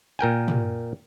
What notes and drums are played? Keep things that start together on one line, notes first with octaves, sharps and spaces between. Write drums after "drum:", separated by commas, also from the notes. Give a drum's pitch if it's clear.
A#2 A#4 G5 G#5
drum: tom